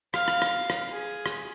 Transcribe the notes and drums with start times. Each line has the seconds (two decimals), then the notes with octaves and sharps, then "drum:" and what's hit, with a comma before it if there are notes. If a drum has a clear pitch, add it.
0.14 F5, drum: rim click
0.28 drum: rim click
0.42 drum: rim click
0.70 drum: rim click
0.91 G#4
1.26 drum: rim click